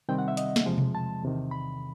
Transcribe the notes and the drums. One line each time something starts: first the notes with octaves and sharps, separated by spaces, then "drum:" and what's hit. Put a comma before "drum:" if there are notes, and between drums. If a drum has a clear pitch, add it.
C3 D#3 G3 C4 G5
F#5
E5
D#5, drum: hi-hat
drum: snare
E2 C3 F3 G#3
drum: tom B2
A5
E2 C3 D#3
B5